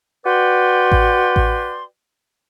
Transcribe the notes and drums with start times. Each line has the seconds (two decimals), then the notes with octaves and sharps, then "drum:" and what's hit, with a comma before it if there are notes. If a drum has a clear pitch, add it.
0.25 F#4 B4 D5 G5 C6
0.92 drum: kick A1
1.36 drum: kick A1